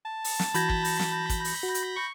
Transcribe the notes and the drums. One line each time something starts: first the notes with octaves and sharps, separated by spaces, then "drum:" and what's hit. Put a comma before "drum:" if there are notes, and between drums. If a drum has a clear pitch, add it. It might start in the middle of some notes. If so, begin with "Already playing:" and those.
A5
drum: open hi-hat
drum: snare
E3 F#4 B5 G6 G#6 A#6, drum: hi-hat
drum: kick
drum: open hi-hat
drum: snare
drum: kick, hi-hat
drum: open hi-hat
F#4
drum: hi-hat
C#6